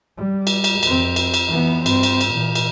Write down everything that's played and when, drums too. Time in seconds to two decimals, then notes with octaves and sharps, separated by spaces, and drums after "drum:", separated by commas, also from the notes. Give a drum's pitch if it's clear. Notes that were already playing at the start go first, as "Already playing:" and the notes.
0.18 G3
0.47 drum: cymbal
0.64 drum: cymbal
0.83 F2 C4, drum: cymbal
1.16 drum: cymbal
1.34 drum: cymbal
1.48 E3 B3
1.86 G2 C4, drum: cymbal
2.03 drum: cymbal
2.21 drum: cymbal
2.33 A#2 E3
2.55 drum: cymbal